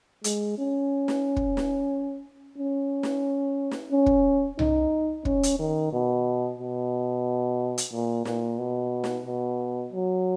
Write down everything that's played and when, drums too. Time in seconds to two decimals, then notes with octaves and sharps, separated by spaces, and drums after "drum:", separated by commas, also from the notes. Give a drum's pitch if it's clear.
0.24 G#3, drum: hi-hat
0.58 C#4
1.08 drum: snare
1.36 drum: kick
1.57 drum: snare
2.58 C#4
3.03 drum: snare
3.71 drum: snare
3.92 C#4
4.06 drum: kick
4.59 D#4, drum: tom C2
5.25 C#4, drum: kick
5.43 drum: hi-hat
5.59 D#3
5.92 B2
6.59 B2
7.78 drum: hi-hat
7.92 A#2
8.25 A#2, drum: snare
8.59 B2
9.04 drum: snare
9.26 B2
9.93 F#3